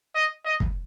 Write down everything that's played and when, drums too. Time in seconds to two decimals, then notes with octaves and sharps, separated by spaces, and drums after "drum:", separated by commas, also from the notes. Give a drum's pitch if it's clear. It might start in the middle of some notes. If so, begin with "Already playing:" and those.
0.15 D#5
0.45 D#5
0.60 drum: kick